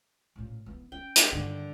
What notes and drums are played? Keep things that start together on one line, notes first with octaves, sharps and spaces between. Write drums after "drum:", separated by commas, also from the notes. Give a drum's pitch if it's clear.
A1 A#2
E3 B3
C#4 G5
drum: hi-hat
G2 D3 D#3